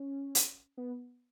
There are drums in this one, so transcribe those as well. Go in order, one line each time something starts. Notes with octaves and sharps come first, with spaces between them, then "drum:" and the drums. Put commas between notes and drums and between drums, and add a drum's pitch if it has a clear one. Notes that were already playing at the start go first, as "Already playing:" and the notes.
Already playing: C#4
drum: hi-hat
B3